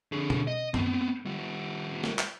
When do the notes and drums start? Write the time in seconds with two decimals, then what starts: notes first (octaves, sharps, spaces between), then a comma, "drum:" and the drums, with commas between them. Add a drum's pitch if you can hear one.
0.12 D3 G#4
0.30 drum: tom B2
0.47 D#5
0.74 B3 C4, drum: tom F#2
1.26 G3 F4
2.04 drum: snare
2.19 drum: clap